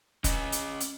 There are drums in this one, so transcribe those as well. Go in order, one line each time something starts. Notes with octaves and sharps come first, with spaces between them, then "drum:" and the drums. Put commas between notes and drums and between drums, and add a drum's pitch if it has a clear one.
C#4 D#5, drum: kick F1, hi-hat
drum: hi-hat
drum: hi-hat